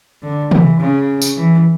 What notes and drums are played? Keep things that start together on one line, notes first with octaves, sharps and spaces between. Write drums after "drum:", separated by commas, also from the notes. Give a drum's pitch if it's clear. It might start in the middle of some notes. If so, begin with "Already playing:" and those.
D3
E3, drum: tom C3
C#3
drum: tambourine
E3